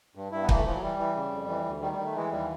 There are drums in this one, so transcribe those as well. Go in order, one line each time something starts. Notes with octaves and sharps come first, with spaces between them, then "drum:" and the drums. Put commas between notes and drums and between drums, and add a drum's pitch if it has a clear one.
G2
G2 E4
B3
E3 A#3, drum: kick
A3
E3 F3
F#3
E3 G3
E3
C#3
F2
E3
D2
D#3 G3
G3
D#3
A3
E3 G#3
D#2 G3